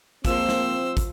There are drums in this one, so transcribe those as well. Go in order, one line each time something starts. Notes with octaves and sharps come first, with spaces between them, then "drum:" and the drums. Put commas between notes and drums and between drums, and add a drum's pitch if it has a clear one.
F3 G#3 A#3 C4 C5 E6, drum: kick, hi-hat
drum: snare
drum: kick, hi-hat